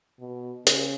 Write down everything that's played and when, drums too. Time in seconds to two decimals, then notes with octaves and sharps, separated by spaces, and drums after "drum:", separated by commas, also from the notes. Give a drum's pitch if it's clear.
0.20 B2
0.67 C#3, drum: hi-hat